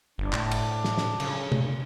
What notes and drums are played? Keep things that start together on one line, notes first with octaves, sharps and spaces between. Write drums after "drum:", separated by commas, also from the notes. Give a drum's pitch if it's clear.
G1 D4
A2, drum: clap
drum: cymbal
drum: snare
drum: snare
C#3, drum: cymbal
drum: tom